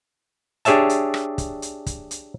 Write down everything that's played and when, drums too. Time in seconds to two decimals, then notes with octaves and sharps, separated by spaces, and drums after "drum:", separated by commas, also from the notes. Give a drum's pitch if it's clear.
0.65 D4 G4 G#4 C#5 E5 A5, drum: hi-hat
0.89 drum: hi-hat
1.14 drum: rim click
1.38 drum: kick, hi-hat
1.62 drum: hi-hat
1.86 drum: kick, hi-hat
2.11 drum: hi-hat